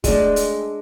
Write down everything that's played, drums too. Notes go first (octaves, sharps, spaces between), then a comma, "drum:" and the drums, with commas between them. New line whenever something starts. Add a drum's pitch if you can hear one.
G#3 A3 D4 D5 G5, drum: kick, hi-hat
drum: hi-hat